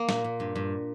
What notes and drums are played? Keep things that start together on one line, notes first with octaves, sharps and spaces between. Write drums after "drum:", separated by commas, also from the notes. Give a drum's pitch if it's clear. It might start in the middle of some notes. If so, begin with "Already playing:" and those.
Already playing: A#3
A#2, drum: snare
A#2
G2
G2